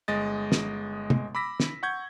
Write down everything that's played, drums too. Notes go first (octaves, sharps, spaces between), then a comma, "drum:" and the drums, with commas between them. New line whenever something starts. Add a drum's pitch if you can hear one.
G1 G#3 D#5 A6
drum: snare
drum: tom
B5 D6 E6 A#6 B6
drum: snare
F#5 C#6 G6 G#6